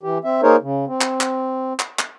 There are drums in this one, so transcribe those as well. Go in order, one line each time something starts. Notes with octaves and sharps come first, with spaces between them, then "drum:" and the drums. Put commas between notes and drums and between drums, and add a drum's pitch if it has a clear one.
E3 G4
C4 E5
A#3 D#4 G#4 A#4 C5 C#5
C#3
C4
drum: clap
drum: clap
drum: clap
drum: clap